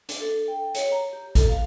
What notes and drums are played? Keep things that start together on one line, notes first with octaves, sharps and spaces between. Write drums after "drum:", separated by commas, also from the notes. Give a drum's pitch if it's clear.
D4, drum: hi-hat
A4
G5
C#5, drum: hi-hat
A#5
G4
A4, drum: kick G#1, hi-hat
F5